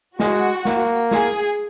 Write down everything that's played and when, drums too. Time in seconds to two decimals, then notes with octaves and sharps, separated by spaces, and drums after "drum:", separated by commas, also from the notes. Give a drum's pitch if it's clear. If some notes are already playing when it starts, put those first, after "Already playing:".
0.19 G#3 F#4, drum: snare
0.34 drum: tambourine
0.50 drum: tambourine
0.65 A#3, drum: snare
0.80 drum: tambourine
0.95 drum: tambourine
1.11 G#4, drum: snare
1.26 drum: tambourine
1.41 drum: tambourine